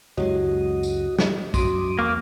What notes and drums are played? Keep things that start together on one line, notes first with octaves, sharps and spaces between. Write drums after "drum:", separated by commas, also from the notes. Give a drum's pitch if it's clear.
C#2 F#2 G#3 E4 F#4 G4 C#5 D#5
drum: tambourine
drum: snare
F#2 F#3 F#4 C6 D6 D#6, drum: kick, tambourine
E2 A#3 C#6